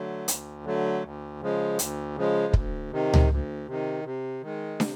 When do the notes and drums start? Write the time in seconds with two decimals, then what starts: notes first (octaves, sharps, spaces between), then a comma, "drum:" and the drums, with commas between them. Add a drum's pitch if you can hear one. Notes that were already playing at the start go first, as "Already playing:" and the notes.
Already playing: D3 F#3 A3
0.28 D2, drum: hi-hat
0.66 D3 F#3 A3
1.03 D2
1.41 C#3 F3 G#3
1.79 D2, drum: hi-hat
2.16 C#3 F3 G#3
2.53 D2, drum: kick
2.91 C3 D#3
3.14 drum: tom C#2
3.29 D2
3.67 C3 D#3
4.04 C3
4.42 D#3 G#3
4.80 C3, drum: snare